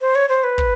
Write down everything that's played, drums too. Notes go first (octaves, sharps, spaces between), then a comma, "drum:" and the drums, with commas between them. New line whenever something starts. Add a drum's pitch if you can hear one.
C5
C#5
C5
B4
drum: kick